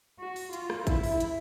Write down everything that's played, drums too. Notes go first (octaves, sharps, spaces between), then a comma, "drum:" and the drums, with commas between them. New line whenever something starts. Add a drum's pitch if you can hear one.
F#4
drum: open hi-hat
F4, drum: hi-hat
drum: rim click
E4, drum: kick, hi-hat
drum: open hi-hat
drum: hi-hat